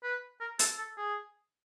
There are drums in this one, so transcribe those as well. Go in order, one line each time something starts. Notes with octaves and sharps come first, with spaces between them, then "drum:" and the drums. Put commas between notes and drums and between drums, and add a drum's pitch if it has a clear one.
B4
A#4
A4, drum: hi-hat
A4
G#4